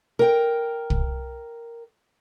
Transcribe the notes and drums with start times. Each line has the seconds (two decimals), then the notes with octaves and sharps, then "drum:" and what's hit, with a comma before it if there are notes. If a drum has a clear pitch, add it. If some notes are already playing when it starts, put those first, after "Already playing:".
0.19 A#4 G5
0.90 drum: kick